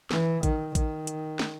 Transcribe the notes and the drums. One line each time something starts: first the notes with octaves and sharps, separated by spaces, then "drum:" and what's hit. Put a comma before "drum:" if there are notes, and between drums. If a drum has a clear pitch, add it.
E3, drum: snare
D#3, drum: kick A1, hi-hat
D#3, drum: kick A1, hi-hat
drum: hi-hat
drum: snare